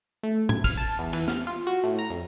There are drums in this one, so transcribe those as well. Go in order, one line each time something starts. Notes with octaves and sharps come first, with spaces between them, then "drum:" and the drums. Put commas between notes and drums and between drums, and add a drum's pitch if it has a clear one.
A3
G#6, drum: tom A2
F6, drum: kick, cymbal
A5
E2
E3, drum: cymbal
F6, drum: snare
F4
F#4
A2
A#5
F2